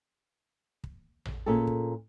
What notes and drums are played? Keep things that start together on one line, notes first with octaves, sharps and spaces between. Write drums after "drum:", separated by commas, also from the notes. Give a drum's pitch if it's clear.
drum: kick
drum: tom A1
A#2 C#4 G#4 A4
drum: kick